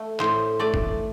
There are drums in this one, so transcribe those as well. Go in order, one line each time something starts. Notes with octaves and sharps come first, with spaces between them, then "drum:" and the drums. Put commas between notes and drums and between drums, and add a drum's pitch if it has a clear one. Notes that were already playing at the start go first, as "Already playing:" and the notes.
Already playing: A3
A2 C5, drum: clap
A3 D5
drum: kick